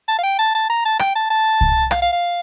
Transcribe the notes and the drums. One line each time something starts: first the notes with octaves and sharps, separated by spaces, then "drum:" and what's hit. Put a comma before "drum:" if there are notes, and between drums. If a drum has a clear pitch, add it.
A5
F5
G5
A5
A5
A#5
A5
G5, drum: rim click
A5
A5
drum: kick C2
F5, drum: rim click
F5
F5